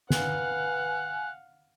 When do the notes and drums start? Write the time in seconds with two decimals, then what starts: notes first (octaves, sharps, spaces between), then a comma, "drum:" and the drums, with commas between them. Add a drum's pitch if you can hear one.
0.10 B4 F5 F#5 G#5 F#6, drum: snare